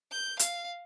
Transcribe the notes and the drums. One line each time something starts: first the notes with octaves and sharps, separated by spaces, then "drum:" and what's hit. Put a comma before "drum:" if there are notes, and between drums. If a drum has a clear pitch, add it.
G6
F5, drum: hi-hat